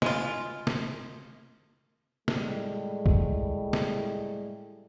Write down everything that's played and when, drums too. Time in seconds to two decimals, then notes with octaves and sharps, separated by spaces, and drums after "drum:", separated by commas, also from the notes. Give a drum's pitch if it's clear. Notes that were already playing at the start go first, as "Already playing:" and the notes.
0.02 G#3 F4, drum: snare
0.67 drum: snare
2.28 A2 G3 G#3, drum: snare
3.06 drum: kick
3.73 drum: snare